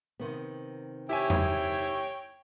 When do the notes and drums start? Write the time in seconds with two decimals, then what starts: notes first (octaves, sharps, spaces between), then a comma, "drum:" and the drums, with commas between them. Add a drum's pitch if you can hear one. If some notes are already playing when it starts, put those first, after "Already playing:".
0.20 C3 D#3 B3
1.09 E4 G4 C#5 E5 G5 G#5
1.30 drum: tom E2